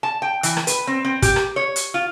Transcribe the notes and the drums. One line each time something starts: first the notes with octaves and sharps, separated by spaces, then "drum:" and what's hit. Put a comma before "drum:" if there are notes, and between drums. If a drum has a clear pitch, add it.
A5
G5
E3, drum: hi-hat
drum: rim click
B4, drum: hi-hat
C4
C4
G4, drum: kick, hi-hat
drum: rim click
C#5
drum: hi-hat
F4